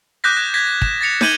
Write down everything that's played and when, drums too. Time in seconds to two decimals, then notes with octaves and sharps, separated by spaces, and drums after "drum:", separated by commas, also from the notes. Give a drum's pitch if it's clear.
0.24 D6 D#6 F#6 G6 A#6 B6
0.36 F#6 G#6 E7
0.54 G6 G#6 A#6 B6
0.82 E7, drum: kick
1.01 A6 A#6 C#7 F7
1.21 D6 G6 G#6 D#7 F#7 G7, drum: snare